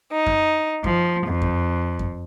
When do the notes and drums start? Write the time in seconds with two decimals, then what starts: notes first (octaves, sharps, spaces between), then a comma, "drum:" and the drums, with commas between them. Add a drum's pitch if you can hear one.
0.12 D#4
0.26 drum: kick F#2
0.84 F3, drum: kick F#2
1.26 F2
1.42 drum: kick F#2
1.99 drum: kick F#2